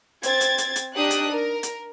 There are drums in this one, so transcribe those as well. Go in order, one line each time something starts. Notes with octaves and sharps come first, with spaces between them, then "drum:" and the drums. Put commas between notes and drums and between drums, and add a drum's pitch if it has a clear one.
C4 G#6 A6, drum: hi-hat
drum: hi-hat
drum: hi-hat
drum: hi-hat
D4 D#4 G4 D#6 F#6
drum: hi-hat
A#4
drum: hi-hat